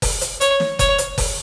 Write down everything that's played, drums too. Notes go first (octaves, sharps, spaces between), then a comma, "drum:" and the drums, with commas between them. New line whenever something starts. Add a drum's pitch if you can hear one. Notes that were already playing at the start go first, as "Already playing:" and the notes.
drum: kick F#1, open hi-hat
drum: hi-hat
C#5, drum: hi-hat
drum: snare
C#5, drum: kick F#1, hi-hat
drum: hi-hat
drum: kick F#1, open hi-hat